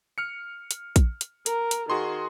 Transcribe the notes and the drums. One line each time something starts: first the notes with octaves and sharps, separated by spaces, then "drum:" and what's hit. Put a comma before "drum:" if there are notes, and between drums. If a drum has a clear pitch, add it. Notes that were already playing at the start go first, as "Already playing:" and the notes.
F6 C#7
drum: hi-hat
drum: kick A#1, hi-hat
drum: hi-hat
A#4, drum: hi-hat
drum: hi-hat
D#3 F#4 G#4 C6